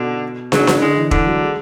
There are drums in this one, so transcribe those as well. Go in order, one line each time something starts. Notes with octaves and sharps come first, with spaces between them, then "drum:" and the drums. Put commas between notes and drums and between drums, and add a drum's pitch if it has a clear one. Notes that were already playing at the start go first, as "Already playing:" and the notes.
Already playing: B2 D3
C#3 F#3, drum: snare
C#3, drum: snare
D3 G#3
E3
D3 E3, drum: kick E1
F#3
G#3